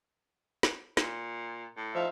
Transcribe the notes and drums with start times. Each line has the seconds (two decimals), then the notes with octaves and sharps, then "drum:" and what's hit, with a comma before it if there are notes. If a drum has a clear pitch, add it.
0.63 drum: snare
0.97 A#2, drum: snare
1.77 A2
1.95 F3 D#4 E5 F5